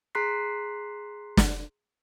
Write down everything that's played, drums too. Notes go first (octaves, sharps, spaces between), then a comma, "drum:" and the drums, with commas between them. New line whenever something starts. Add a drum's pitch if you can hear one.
G#4 A#5 C6 F#6 B6 C7
drum: snare